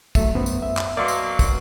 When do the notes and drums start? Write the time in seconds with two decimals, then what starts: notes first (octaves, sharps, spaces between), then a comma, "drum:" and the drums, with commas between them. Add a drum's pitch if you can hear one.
0.15 F#3 A3 E5, drum: kick, tambourine
0.35 F#2 B3 C5
0.46 drum: tambourine
0.63 E5
0.77 drum: clap
0.97 B2 F#3 A#3 D5 D#5 C6
1.08 drum: tambourine
1.39 drum: kick, tambourine